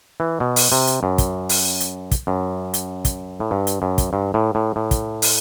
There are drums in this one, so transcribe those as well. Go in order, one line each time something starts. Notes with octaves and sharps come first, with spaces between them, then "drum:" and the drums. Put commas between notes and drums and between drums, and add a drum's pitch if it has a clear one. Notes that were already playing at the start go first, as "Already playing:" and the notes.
E3
B2
drum: open hi-hat
C3
drum: hi-hat
F#2
drum: kick, hi-hat
drum: open hi-hat
drum: hi-hat
drum: kick, hi-hat
F#2
drum: hi-hat
drum: kick, hi-hat
A2
G2
drum: hi-hat
F#2
drum: kick, hi-hat
G2
A2
A2
A2
drum: kick, hi-hat
drum: open hi-hat